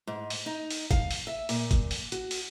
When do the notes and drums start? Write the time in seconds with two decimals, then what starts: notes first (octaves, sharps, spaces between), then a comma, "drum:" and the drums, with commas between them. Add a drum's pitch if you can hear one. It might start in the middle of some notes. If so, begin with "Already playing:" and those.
0.07 G#2
0.30 drum: open hi-hat
0.46 D#4
0.70 drum: open hi-hat
0.91 F5, drum: kick, hi-hat
1.11 drum: open hi-hat
1.27 E5
1.49 A#2, drum: open hi-hat
1.71 drum: kick, hi-hat
1.91 drum: open hi-hat
2.12 F#4, drum: hi-hat
2.31 drum: open hi-hat